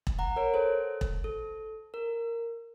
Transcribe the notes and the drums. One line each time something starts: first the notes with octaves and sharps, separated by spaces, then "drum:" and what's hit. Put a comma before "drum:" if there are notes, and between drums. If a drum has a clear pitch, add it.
drum: kick E1
F#5 A#5
A#4 C#5
A4 C5
drum: kick E1
A4
A#4